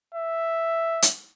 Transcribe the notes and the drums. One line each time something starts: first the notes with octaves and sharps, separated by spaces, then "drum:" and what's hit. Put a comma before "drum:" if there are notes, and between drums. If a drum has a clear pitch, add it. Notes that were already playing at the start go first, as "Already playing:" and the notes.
E5
drum: hi-hat